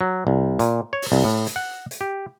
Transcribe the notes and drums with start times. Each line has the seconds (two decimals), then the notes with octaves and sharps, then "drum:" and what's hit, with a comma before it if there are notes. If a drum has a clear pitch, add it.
0.01 F#3
0.27 C2
0.59 A#2, drum: hi-hat
0.93 C#5
1.02 drum: open hi-hat
1.12 C2
1.24 A2
1.47 drum: hi-hat
1.56 F#5
1.91 drum: hi-hat
2.01 G4